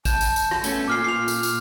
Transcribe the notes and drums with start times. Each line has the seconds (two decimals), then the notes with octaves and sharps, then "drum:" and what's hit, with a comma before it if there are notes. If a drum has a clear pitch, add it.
0.05 A5 G6 E7, drum: kick A1, tambourine
0.21 drum: tambourine
0.36 drum: tambourine
0.51 drum: rim click
0.64 A3 B3 C#4, drum: tambourine
0.88 A#2 F4 D6 F6 C7
1.04 F4 C7 F7
1.28 drum: tambourine
1.43 drum: tambourine